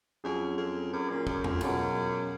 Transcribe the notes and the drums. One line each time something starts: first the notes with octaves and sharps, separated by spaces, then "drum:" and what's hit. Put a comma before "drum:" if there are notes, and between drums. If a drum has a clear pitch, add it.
F2 F#3 C#4 G#4
F2
F#2 F#3 C#4 G#4
A#2
F#2, drum: kick
F2, drum: tom E2
F#2 B2 F#3 C#4 F4 G#4, drum: cymbal